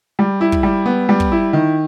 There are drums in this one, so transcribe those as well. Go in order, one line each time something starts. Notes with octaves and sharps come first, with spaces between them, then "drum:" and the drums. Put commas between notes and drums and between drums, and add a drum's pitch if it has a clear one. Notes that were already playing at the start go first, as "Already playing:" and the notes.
G3
E4
drum: kick
G3
B3
G3
drum: kick
E4
D#3